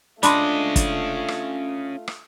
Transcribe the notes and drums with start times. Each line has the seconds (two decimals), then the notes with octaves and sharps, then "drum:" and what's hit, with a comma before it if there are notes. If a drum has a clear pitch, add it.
0.23 A3 C#4 D4 F4 D#5 B5 C6, drum: hi-hat
0.76 drum: kick, hi-hat
1.28 drum: rim click
2.08 drum: rim click